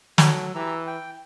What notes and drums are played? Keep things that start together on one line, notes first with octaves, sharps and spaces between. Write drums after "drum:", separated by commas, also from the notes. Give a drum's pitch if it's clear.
F#3 A4, drum: snare
E3 G4 A#5 E6
G5